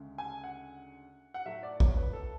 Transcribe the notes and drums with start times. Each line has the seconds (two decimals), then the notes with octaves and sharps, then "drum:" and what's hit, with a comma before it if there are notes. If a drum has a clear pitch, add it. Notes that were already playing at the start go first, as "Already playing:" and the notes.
Already playing: D2 C#3 G#3
0.18 G#5
0.44 F#5
1.34 F#5
1.46 A2 F#3 A3 E5
1.63 D5
1.80 C#5, drum: kick
1.97 B4
2.13 A4